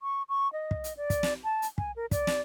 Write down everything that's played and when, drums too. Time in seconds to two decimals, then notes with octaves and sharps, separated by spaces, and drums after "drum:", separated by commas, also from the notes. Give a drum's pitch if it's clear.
0.01 C#6
0.29 C#6
0.53 D#5
0.71 drum: kick
0.84 drum: hi-hat
0.97 D5
1.10 drum: kick, hi-hat
1.23 drum: snare
1.44 A5
1.62 drum: hi-hat
1.78 G#5, drum: kick
1.96 A#4
2.11 D5, drum: kick, hi-hat
2.27 drum: snare